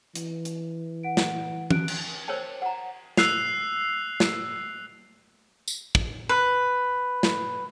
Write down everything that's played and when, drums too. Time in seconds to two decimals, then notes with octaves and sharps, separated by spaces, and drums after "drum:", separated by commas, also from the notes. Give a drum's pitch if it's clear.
0.15 E3, drum: hi-hat
0.45 drum: hi-hat
1.03 F#5 D7
1.17 drum: snare
1.71 F#6 D7, drum: tom
1.88 drum: cymbal
2.28 A#4 C5 C#5 G5 A5
2.62 F#5 A#5
3.17 E6 F#6 C7 F7, drum: snare
4.20 drum: snare
5.68 drum: tambourine
5.95 drum: kick
6.29 B4
7.23 drum: snare